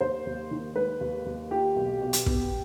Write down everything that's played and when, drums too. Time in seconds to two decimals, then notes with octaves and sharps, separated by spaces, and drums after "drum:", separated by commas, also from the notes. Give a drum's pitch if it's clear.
0.01 D#2 C5
0.26 D#2
0.51 D#3
0.76 G#3 B4
1.01 D#2
1.26 D#2
1.51 F4 G4
1.76 B1
2.01 B2
2.13 drum: hi-hat
2.26 B3, drum: kick